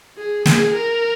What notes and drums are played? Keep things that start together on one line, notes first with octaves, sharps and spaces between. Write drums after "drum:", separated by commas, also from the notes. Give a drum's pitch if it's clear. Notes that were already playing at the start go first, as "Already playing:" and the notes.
G#4
G#4, drum: snare
A#4